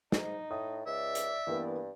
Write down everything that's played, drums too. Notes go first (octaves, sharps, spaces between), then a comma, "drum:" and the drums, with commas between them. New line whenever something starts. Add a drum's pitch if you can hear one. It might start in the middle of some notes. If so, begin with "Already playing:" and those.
G#2 D#4, drum: snare
A2 D#6
C#2 D5 E5
drum: hi-hat
G2 E3 A#3 B3